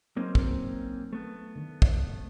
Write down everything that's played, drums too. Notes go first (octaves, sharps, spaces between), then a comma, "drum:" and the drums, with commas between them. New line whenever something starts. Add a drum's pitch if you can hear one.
F#3 A#3 C4 C#4 D#4 C5
drum: kick
A3 B3 B4
D3 D#3
drum: kick